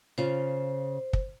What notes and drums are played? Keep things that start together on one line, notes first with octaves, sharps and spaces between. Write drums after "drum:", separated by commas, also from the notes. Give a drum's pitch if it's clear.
C#3 F4 C5
drum: kick